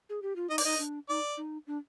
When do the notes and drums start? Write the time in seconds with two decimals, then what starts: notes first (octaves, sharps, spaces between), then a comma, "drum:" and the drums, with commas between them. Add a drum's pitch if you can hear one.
0.10 G#4
0.22 G4
0.36 F4
0.50 D#4 D#5
0.58 D5, drum: open hi-hat
0.65 D#4 D#5
0.79 D4
1.09 D#4 D5
1.37 D#4
1.67 D4